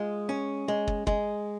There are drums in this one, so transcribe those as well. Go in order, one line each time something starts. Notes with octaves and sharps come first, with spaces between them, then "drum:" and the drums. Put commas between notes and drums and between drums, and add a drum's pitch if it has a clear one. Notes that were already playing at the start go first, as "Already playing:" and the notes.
Already playing: G#3 F4
C#4
G#3
drum: kick
G#3, drum: kick